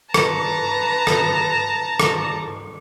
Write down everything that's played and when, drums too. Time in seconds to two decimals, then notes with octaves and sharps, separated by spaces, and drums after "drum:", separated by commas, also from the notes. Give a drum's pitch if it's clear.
0.14 B4 A5 A#5, drum: rim click
1.07 drum: rim click
2.00 drum: rim click